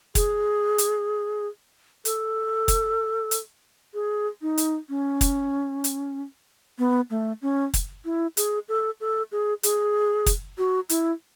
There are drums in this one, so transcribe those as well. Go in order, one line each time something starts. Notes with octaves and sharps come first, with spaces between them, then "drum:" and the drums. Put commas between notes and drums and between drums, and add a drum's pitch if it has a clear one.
G#4, drum: kick, hi-hat
drum: hi-hat
A4, drum: hi-hat
drum: kick, hi-hat
drum: hi-hat
G#4
D#4
drum: hi-hat
C#4
drum: kick, hi-hat
drum: hi-hat
B3
A3
C#4
drum: kick, hi-hat
E4
G#4, drum: hi-hat
A4
A4
G#4
G#4, drum: hi-hat
drum: kick, hi-hat
F#4
E4, drum: hi-hat